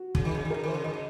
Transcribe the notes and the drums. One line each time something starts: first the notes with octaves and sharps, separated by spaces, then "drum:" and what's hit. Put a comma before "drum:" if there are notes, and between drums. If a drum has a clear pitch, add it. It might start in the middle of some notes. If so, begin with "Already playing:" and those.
Already playing: F#4
C#3, drum: kick
D#3
C#3
D#3
C#3 A#4
D#3 C5
C#3
D#3 D#5
C#3